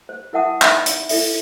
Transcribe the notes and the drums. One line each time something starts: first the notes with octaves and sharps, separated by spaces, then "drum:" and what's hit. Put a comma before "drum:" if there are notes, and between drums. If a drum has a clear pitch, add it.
C5
E4 A#4 E5 F#5 A5 D#6
D#4 E5 B5, drum: clap
drum: hi-hat
E4 A4 E5, drum: open hi-hat